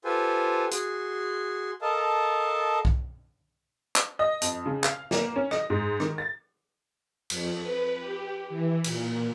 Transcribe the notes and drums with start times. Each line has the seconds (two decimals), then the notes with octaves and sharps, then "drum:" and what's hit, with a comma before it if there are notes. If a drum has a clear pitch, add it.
0.05 F4 G4 A4 B4 C5 G#5
0.71 F#4 G#4 C6, drum: hi-hat
1.82 A4 A#4 D#5 F5 A5
2.85 drum: kick B1
3.96 drum: clap
4.19 D#5
4.41 F2, drum: hi-hat
4.66 C#3
4.84 F5, drum: clap
5.11 A#3, drum: snare
5.36 C#4
5.51 D#5, drum: rim click
5.70 G#2
6.00 D#3, drum: rim click
6.18 A6
7.30 F2, drum: cymbal
7.62 B4
8.00 G4
8.50 E3
8.84 A#2, drum: cymbal